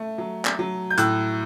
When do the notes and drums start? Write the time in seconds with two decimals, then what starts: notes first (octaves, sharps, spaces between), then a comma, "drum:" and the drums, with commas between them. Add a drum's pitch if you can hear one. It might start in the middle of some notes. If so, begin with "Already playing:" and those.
Already playing: A3
0.18 F#3
0.45 drum: clap
0.59 F#3
0.90 G6
0.98 A2 E6 F#6, drum: hi-hat